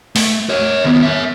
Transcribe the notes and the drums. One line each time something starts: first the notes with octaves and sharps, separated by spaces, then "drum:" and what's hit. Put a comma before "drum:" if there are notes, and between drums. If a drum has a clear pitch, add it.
A3, drum: open hi-hat
A#4 C#5
D#2 B3
A#4 E5